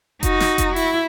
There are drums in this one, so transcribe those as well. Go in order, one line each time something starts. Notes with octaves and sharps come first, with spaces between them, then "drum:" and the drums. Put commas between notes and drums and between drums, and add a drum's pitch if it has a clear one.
D#4 F#4, drum: kick F1, hi-hat
drum: snare
drum: kick F1, hi-hat
E4, drum: open hi-hat